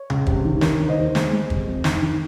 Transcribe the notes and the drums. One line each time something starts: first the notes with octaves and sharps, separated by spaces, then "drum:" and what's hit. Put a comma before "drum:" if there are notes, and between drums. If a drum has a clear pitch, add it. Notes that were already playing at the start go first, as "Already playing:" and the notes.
Already playing: C#5
C#2, drum: tom C3
C3, drum: kick
D#3
D#3 A#4 C#5, drum: snare
D#3
C5 D#5
D#2
G#3, drum: snare
G#3
C3, drum: kick
F2
D#3, drum: snare
D#3